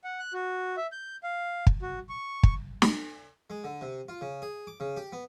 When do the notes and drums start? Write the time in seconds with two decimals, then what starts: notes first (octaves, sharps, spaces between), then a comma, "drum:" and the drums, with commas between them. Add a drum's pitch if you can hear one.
0.04 F#5
0.20 F#6
0.34 F#4
0.77 E5
0.92 G6
1.23 F5
1.67 drum: kick
1.82 F#4
2.09 C#6
2.43 drum: kick
2.82 drum: snare
3.50 G#3
3.64 D3
3.81 C3
4.08 F4
4.21 C#3
4.42 G#4
4.67 D6
4.80 C#3
4.97 G4
5.12 B3